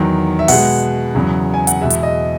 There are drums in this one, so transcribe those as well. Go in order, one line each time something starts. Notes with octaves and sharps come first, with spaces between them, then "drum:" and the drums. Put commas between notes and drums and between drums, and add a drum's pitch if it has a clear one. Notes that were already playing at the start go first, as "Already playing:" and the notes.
Already playing: E2 D#3 F#3
E5
B2 G#3 F#5, drum: open hi-hat
E2 C#3 F#3
G#5
F#5, drum: hi-hat
E2 B2 G#3 E5
drum: hi-hat
D#5